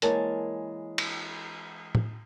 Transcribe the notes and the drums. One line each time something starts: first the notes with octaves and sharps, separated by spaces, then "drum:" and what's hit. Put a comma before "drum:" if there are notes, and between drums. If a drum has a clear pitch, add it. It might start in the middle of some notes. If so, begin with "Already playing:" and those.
E3 G#3 A#3 A#4 C#5 A5, drum: hi-hat
drum: cymbal
drum: tom